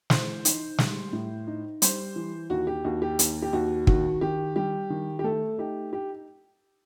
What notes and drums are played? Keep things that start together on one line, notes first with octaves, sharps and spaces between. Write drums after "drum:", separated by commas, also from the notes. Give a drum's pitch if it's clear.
E3 C5, drum: snare
D#4, drum: hi-hat
G3, drum: snare
A2
D#4
G3 C5, drum: hi-hat
E3
D#2 F#4
G4
D#2 F#4
G4
D#2, drum: hi-hat
G4
D#2 F#4
D#3 F#4, drum: kick
D#3 G4
G3 G4
D#3
G4
A3 A4
D#4 G4
G4